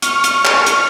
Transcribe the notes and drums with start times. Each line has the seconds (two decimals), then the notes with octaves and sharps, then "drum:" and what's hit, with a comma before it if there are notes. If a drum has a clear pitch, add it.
0.02 C#6 F6, drum: hi-hat
0.24 drum: hi-hat
0.45 drum: clap
0.66 drum: hi-hat